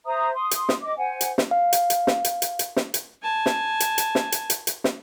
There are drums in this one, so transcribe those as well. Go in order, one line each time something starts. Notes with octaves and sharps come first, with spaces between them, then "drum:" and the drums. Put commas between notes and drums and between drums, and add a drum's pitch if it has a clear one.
C5 E5 A#5 D#6
C6 D#6
drum: hi-hat
drum: snare
D#5 D6
C5 F#5 G#5
drum: hi-hat
drum: snare
F5
drum: hi-hat
drum: hi-hat
drum: snare
drum: hi-hat
drum: hi-hat
drum: hi-hat
drum: snare
drum: hi-hat
G#5 A5
drum: snare
drum: hi-hat
drum: hi-hat
drum: snare
drum: hi-hat
drum: hi-hat
drum: hi-hat
drum: snare